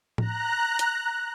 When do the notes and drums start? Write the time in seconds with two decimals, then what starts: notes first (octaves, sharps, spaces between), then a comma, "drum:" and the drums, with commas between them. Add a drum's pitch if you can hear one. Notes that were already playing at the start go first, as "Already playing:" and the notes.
0.18 A#5 F#6, drum: tom A2
0.79 drum: hi-hat